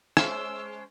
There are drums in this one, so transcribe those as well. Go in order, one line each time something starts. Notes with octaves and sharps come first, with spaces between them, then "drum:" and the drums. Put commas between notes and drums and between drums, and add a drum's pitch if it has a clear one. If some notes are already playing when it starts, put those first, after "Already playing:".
G#3 C#4 C5 E6, drum: rim click